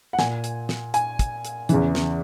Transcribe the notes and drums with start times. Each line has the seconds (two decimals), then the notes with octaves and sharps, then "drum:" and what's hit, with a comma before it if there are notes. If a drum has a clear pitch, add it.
0.13 F#5
0.19 A#2 G#5, drum: snare
0.44 drum: hi-hat
0.69 drum: snare
0.94 G#5, drum: hi-hat
1.19 drum: kick, hi-hat
1.45 drum: hi-hat
1.69 E2 C#3 E3, drum: hi-hat
1.95 drum: snare